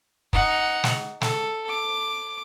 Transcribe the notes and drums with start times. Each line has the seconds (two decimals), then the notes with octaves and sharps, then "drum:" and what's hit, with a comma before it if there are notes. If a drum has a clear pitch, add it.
0.33 D#4 F#5, drum: kick
0.84 drum: snare
1.21 A4, drum: snare
1.69 D6